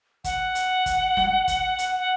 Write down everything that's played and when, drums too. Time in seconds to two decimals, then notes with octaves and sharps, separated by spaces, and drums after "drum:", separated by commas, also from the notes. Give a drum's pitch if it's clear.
0.24 F#5, drum: kick, hi-hat
0.55 drum: hi-hat
0.86 drum: kick, hi-hat
1.17 drum: snare
1.48 drum: kick, hi-hat
1.78 drum: hi-hat
1.98 F#5